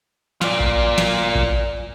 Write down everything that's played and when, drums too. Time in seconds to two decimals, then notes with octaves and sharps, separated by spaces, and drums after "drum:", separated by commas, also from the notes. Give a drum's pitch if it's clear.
0.42 F4 D5, drum: snare
0.60 drum: kick A1
0.98 drum: snare
1.35 drum: kick A1